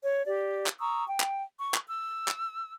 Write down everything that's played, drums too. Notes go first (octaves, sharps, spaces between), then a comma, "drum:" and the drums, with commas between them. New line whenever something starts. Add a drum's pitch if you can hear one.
C#5
G4 D5
drum: clap
A#5 C#6 D#6 E6
G5
drum: clap
C#6
drum: clap
E6
drum: clap